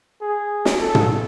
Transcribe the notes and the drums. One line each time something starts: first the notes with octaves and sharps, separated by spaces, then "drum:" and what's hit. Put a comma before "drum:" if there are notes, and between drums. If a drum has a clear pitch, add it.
G#4
drum: snare
A4
drum: tom